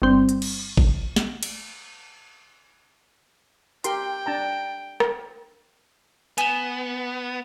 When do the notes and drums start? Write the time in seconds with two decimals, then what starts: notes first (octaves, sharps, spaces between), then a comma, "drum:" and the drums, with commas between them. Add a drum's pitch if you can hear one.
0.02 G1 C4
0.29 drum: hi-hat
0.42 drum: cymbal
0.77 drum: kick G#1
1.16 drum: snare
1.43 drum: cymbal
3.84 G4 A#4 G5 C6, drum: hi-hat
4.26 D4 A5 A#5
5.00 drum: rim click
6.38 B3 G#5 E7, drum: hi-hat